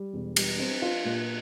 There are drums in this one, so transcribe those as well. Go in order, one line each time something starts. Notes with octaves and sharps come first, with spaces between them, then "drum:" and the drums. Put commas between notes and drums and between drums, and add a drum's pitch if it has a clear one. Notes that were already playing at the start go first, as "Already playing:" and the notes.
Already playing: G3
E1
G3, drum: cymbal
C4
F4
A#2